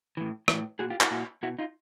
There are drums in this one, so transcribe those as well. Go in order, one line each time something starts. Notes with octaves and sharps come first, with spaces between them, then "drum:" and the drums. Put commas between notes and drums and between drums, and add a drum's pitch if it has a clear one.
A2 E3
A2 E3, drum: rim click
A#2 F#4 G#4
F4 G4
E4 F#4, drum: clap
A#2 E4 F#4
B2 E4 F#4
D#4 F4